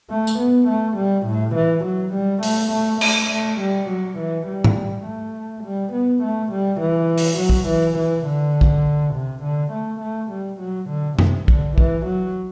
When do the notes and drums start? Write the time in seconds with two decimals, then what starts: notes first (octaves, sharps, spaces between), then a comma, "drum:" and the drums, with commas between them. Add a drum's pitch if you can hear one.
0.10 A3
0.27 drum: tambourine
0.39 B3
0.68 A3
0.97 G3
1.27 A2
1.55 E3
1.85 F#3
2.14 G3
2.43 A3, drum: open hi-hat
2.72 A3
3.01 A3, drum: cymbal
3.30 A3
3.60 G3
3.89 F#3
4.19 E3
4.47 G3
4.64 drum: tom G#2
5.05 A3
5.64 G3
5.93 B3
6.23 A3
6.52 G3
6.81 E3
7.18 drum: open hi-hat
7.39 F#3
7.50 drum: kick
7.68 E3
7.98 E3
8.27 D3
8.61 drum: kick
9.15 C3
9.43 D3
9.72 A3
10.01 A3
10.31 G3
10.61 F#3
10.90 D3
11.19 C3, drum: tom F#2
11.48 D3, drum: kick
11.78 E3, drum: kick
12.06 F#3